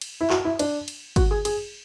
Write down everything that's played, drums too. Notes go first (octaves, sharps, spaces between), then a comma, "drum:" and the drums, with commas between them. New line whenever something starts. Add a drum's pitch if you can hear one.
drum: cymbal
E4
F#4, drum: clap
E4
D4, drum: cymbal
drum: cymbal
F#4, drum: kick, cymbal
G#4
G#4, drum: cymbal